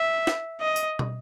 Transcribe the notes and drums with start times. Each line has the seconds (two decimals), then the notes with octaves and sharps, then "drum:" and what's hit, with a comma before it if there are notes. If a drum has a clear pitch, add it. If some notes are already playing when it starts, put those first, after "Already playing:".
Already playing: E5
0.27 drum: snare
0.60 D#5
0.76 drum: tambourine
0.99 drum: tom